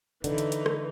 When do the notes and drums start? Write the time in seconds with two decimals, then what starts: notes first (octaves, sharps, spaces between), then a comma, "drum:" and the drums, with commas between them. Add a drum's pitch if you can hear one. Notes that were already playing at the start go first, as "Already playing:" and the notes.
0.24 D3 E3 D#4, drum: hi-hat
0.38 drum: hi-hat
0.52 drum: hi-hat
0.66 drum: rim click